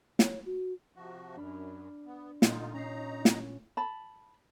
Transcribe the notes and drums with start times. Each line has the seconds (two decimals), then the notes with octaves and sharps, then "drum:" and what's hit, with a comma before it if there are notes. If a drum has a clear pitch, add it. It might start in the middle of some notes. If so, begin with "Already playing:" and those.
0.19 C#5, drum: snare
0.45 F#4
0.96 C3 F3 F#4
1.37 F#2 D4 B5 F6
2.06 B3
2.42 A#2 D3 D#4 F4, drum: snare
2.74 C#4 D#4 A#5 C7
3.25 drum: snare
3.77 A5 B5